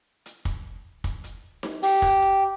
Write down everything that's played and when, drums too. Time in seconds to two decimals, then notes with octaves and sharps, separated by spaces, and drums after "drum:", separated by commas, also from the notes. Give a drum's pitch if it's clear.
0.26 drum: hi-hat
0.45 drum: kick, hi-hat
1.04 drum: kick, hi-hat
1.24 drum: hi-hat
1.63 drum: snare D#4
1.83 G4, drum: open hi-hat
2.02 drum: kick, hi-hat
2.22 drum: hi-hat